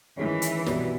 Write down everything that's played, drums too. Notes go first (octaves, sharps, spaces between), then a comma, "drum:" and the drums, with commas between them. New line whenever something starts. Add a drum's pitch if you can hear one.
D#3 E3 G#3 C#4
drum: hi-hat
C2 B2 G3, drum: snare